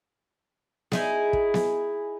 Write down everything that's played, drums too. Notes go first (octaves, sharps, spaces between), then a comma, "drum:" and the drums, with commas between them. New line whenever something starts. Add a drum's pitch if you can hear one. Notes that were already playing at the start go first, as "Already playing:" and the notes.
D#4 E4 G#4, drum: snare B3
drum: kick
drum: snare B3